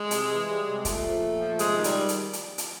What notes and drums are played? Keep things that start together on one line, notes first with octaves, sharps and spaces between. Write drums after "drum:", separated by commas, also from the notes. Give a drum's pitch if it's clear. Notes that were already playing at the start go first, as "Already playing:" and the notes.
Already playing: G#3
C3, drum: hi-hat
E3
G3
C3
A#2 A3, drum: kick, hi-hat
F3
A#2
F3
C3 G#3, drum: hi-hat
D#3
G3, drum: hi-hat
drum: hi-hat
drum: hi-hat
drum: hi-hat